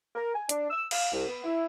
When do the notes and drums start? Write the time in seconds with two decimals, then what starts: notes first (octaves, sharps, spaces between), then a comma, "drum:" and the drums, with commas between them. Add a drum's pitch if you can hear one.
0.15 A#4
0.35 G#5
0.49 D4, drum: hi-hat
0.70 E6
0.91 F5, drum: cymbal
1.13 C2
1.28 B3
1.44 E4